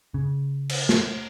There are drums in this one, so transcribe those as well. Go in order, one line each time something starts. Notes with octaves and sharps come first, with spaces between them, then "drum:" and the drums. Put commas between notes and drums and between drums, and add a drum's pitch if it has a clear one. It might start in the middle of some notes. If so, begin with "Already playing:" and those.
C#3
drum: cymbal
drum: snare